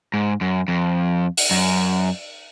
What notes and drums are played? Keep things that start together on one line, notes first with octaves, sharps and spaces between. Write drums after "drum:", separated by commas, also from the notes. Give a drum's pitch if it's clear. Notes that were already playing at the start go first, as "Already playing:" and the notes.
G#2
F#2
F2
drum: open hi-hat
F#2